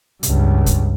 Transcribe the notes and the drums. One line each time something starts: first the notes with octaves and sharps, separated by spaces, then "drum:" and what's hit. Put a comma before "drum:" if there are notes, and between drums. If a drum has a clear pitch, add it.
C#2 G2, drum: hi-hat
drum: kick, hi-hat